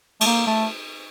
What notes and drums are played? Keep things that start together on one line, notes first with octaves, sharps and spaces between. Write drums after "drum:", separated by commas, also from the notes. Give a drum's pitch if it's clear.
A3, drum: cymbal
A#3
A3